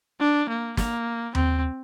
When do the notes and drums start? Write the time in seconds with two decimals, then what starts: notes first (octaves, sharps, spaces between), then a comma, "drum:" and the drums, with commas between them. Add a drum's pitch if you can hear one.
0.20 D4
0.49 A#3
0.77 A#3, drum: snare
1.35 C4, drum: tom D#2